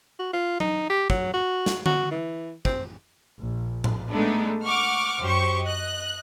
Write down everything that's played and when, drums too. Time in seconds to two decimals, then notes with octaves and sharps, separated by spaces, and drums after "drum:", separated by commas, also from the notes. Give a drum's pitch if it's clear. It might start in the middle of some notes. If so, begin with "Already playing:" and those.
0.19 F#4
0.33 F4
0.60 D#4, drum: tom F#3
0.90 G4
1.10 F#3, drum: kick
1.34 F#4
1.66 drum: snare
1.86 F#4, drum: tom D3
2.11 E3
2.65 C4, drum: kick
3.41 A#1
3.84 drum: tom A2
4.11 G#3 A3 B3 D4 D#4
4.65 F#5 C#6 D6 F6
5.21 F#2 G4 C5 C#6
5.65 D#5 F#6